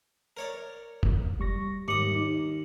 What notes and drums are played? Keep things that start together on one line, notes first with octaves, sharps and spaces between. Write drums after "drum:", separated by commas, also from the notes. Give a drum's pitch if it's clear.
A#4 C#5 D5
drum: kick F1
G3 C#6 A#6
D#2 G#2 G3 D6 D#6 C#7 F#7
D#4